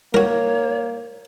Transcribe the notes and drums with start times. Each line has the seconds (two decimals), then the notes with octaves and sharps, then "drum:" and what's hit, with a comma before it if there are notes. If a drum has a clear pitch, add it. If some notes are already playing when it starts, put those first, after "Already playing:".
0.14 A#3 F#4 A#4 C#5, drum: tom G3